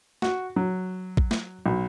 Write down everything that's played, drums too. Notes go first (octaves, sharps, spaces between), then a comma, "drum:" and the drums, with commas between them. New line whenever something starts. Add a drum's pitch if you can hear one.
F#4, drum: snare
F#3
drum: kick
drum: snare
B1